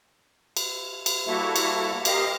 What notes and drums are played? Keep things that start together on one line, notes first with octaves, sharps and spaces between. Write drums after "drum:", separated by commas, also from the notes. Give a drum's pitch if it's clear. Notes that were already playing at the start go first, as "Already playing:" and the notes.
drum: cymbal
drum: cymbal
G3 A#3 E4 F#4 A4 E5
drum: cymbal
G4 A#4 D#5 F5, drum: cymbal